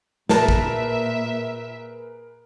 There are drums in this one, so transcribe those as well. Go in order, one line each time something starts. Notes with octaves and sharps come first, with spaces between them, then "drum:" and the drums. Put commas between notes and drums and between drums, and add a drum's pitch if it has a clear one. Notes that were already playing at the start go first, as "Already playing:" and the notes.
A#2 G#4 A#4 B4 E5 A5, drum: snare
drum: kick